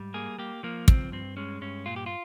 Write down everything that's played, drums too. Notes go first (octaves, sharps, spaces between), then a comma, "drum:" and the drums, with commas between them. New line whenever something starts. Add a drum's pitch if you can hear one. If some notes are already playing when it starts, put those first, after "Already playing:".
Already playing: G#2 G3
A#3 G#4
A#3 G4
F3 A#3
C#2 C4, drum: kick
G2 C4
G#3 C#4
G2 C#4
A#2 F4
G4
F4